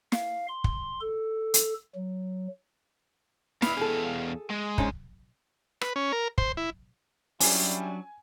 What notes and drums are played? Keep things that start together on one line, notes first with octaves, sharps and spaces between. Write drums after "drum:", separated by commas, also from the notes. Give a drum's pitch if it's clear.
F5, drum: snare
C6
drum: kick
A4
drum: hi-hat
F#3
E2 B3 E4 F5, drum: snare
G#4 A4
G#3
G#2 C#4 D4, drum: kick
B4, drum: rim click
C#4
A#4
C5, drum: kick
E4
F#3 G3 C#4 D4 E4 G#5, drum: open hi-hat